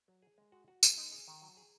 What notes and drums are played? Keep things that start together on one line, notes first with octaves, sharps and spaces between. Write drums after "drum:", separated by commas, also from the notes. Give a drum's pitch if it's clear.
F#3
G#4
G#3
F#4
F#4
G#3, drum: tambourine
D#4
G#4
D#3
F#3
G#4